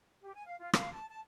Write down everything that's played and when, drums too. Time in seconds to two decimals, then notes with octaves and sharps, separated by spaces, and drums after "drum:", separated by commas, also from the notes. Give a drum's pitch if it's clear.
0.22 G4
0.34 G#5
0.46 F5
0.59 F4
0.73 F5, drum: rim click
0.92 A5
1.08 A5